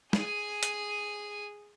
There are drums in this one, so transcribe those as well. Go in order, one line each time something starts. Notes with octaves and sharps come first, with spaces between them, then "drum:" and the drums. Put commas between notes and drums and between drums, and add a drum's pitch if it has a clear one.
G#4 G#5, drum: snare
drum: hi-hat